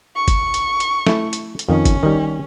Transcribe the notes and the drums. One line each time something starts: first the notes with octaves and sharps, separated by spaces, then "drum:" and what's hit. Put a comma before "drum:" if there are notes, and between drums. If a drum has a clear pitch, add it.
C#6
drum: kick F#1, hi-hat
drum: hi-hat
drum: hi-hat
A3 E4, drum: snare
drum: hi-hat
drum: hi-hat
F2 D#3 C#4
drum: kick F#1, hi-hat
D#3 G3